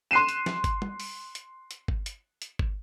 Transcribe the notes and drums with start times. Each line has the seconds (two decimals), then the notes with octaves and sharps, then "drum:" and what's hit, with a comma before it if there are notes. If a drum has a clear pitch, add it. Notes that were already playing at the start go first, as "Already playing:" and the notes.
0.11 C6 F#6 C7 D#7 E7
0.29 drum: hi-hat
0.46 drum: snare
0.64 drum: kick G1, hi-hat
0.82 drum: tom
1.00 drum: open hi-hat
1.35 drum: hi-hat
1.71 drum: hi-hat
1.88 drum: kick G1
2.06 drum: hi-hat
2.42 drum: hi-hat
2.59 drum: kick G1